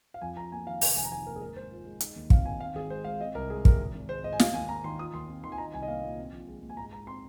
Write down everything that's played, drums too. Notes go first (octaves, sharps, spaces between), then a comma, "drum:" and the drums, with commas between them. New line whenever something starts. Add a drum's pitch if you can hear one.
F5
F2 G#5
F2 A#5
A#3 G#5
D#3 F5
F1 G#5, drum: open hi-hat
F1 G#5
A#5
D#3 G#5
D#2 A#4
G#4
G#2 A#4
G#2 C5
F4
G#3
D#4, drum: hi-hat
D#2
C4 F5, drum: kick
D#3 G#5
C4 F5
G#1 G#4
G#3 C5
G#2 F5
C4 D#5
C2 A#4
G#3 G#4
C3 A#4, drum: kick
G#1
G#1
G#3 C5
G#2 D#5
G#5
F4 F5, drum: snare
D#2 G#5
A#3 A#5
D#3 C6
F4 D#6
D#2 C6
C4
D#3 C6
G#5
D#4 A#5
C2 G#5
D#5
A#3 F5
A#2
C4
A#1
G#3
A#2
G#5
G#2 A#5
G#2 A#5
C4 C6